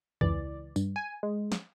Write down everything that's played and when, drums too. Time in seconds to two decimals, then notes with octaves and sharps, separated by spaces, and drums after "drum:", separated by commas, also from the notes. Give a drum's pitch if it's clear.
0.21 C#2 E3 D5, drum: tom
0.76 G2, drum: tambourine
0.96 G#5
1.23 G#3
1.52 drum: snare